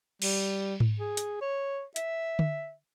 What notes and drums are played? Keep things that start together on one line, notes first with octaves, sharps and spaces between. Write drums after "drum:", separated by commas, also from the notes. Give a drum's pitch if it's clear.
G3, drum: cymbal
drum: tom G#2
G#4
drum: hi-hat
C#5
E5, drum: hi-hat
drum: tom D3